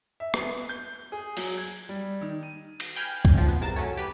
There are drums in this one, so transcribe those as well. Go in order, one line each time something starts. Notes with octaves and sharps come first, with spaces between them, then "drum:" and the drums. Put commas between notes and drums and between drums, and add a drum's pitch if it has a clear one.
E5
B3, drum: rim click
G6
G#4
F#3, drum: open hi-hat
G#6
G3
D#3
D#7
drum: cymbal
G5 G#5 B5 F6
drum: kick C#2
B1 F3
B3
E2 C3 A#4 A5 E7
F#3 A3 C#4
G4 B4